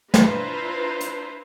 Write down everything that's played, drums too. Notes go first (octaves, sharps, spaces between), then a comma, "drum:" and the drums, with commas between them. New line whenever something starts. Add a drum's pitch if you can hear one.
D4 E4 F4 B4 C5 A#5, drum: snare
drum: hi-hat